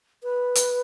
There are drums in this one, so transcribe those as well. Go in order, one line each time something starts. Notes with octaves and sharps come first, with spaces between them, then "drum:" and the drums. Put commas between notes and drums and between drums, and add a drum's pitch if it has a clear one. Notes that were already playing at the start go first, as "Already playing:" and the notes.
B4
drum: hi-hat